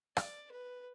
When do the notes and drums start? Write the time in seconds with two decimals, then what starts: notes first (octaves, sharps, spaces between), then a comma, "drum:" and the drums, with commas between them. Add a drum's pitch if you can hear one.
0.17 D5, drum: rim click
0.52 B4